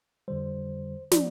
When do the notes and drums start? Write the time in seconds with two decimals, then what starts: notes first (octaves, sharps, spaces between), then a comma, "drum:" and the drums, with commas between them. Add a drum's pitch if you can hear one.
0.28 F2 D3 G3 C5
1.12 F3 D5, drum: snare